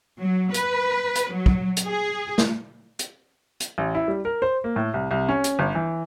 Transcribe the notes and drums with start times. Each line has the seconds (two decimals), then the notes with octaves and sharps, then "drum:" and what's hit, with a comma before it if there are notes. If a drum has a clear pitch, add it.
0.21 F#3
0.54 B4, drum: hi-hat
1.15 drum: hi-hat
1.33 F#3
1.46 drum: kick
1.77 drum: hi-hat
1.87 G#4
2.38 drum: snare
2.99 drum: hi-hat
3.60 drum: hi-hat
3.78 A1
3.95 E4
4.08 G3
4.25 A#4
4.42 C5
4.64 A#3
4.76 A2
4.94 C2
5.11 C2
5.29 C#4
5.44 drum: hi-hat
5.59 G1
5.75 E3